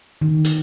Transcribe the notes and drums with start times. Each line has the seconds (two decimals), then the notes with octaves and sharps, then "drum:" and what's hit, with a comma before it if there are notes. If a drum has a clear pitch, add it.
0.21 D#3
0.45 drum: hi-hat